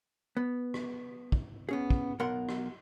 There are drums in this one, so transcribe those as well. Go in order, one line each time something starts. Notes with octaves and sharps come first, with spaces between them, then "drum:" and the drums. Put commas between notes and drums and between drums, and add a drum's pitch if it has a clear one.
B3
drum: rim click
drum: kick
B3 C#4 G#4
drum: kick
B1 B2 A#4 F#5 C6
drum: rim click